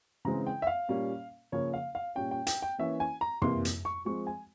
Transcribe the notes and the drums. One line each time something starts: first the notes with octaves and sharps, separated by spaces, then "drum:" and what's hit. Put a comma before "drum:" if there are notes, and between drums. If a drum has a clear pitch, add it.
C#3 E3 G#3 C4 A#5
G5
E5
F5
A#2 G3 A#3 C#4
C#3 F3 A#3 C#4 C#5
F5
F5
A#2 G3 C#4 G5
G5
G5, drum: hi-hat
G5
E3 A#3 C#4 E5
G#5
A#5
C3 E3 A#3 C6, drum: tom
drum: hi-hat
C#6
F3 G#3 C4 C#6
G#5